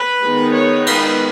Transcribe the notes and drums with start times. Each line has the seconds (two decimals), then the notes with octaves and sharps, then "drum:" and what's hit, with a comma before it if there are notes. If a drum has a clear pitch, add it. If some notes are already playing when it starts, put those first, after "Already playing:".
Already playing: B4
0.24 D#3 G#3 B3 D#4
0.55 C#5
0.87 B4, drum: cymbal